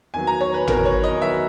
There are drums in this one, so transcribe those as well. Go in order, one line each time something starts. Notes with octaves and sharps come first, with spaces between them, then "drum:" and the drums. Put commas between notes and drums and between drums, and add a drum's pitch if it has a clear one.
E2 D#3 F#3 G#5
A#5
C#5
B4
E2 D#3 F#3 A#4, drum: tom
C#5
D#5
E2 D#3 F#3 E5